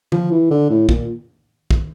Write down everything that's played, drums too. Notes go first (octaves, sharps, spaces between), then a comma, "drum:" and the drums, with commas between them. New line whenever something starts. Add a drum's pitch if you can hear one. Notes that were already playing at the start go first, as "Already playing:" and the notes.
F3, drum: tom D3
E3
D3
A2
A#2, drum: kick
drum: kick